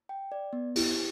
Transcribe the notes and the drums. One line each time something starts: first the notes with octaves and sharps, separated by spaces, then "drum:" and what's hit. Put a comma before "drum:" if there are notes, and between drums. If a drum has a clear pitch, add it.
G5
D5
B3
E4 G4, drum: open hi-hat